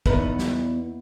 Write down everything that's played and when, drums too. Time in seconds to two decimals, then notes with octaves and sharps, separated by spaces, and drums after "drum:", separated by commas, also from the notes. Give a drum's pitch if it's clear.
0.06 E2 B3 D#4, drum: kick
0.39 drum: snare